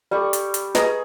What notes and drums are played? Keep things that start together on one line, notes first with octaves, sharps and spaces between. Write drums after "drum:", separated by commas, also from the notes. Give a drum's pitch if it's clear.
G3 A4 D5 C#6
drum: hi-hat
drum: hi-hat
G#4 B4 D#5 A#5, drum: snare